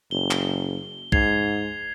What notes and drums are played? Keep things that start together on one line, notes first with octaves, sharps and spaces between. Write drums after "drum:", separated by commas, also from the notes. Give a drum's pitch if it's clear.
F#1 G7
drum: clap
G#2 G#6 C7 F7, drum: kick B1